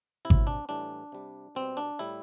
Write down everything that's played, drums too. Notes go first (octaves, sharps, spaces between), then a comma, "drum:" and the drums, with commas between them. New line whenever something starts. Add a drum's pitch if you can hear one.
C3 E4
F#3, drum: kick G#1
D4
A2 E3 G3 D4
C3 G3
B2 G3 C4
D4
A2 G3 E4